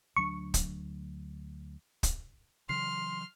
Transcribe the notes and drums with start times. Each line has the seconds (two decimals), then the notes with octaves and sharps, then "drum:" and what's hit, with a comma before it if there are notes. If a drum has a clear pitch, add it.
0.16 D2 F#3 D4 C#6
0.54 drum: kick, hi-hat
2.03 drum: kick, hi-hat
2.69 C#3 E3 F#3 C6 F6 C7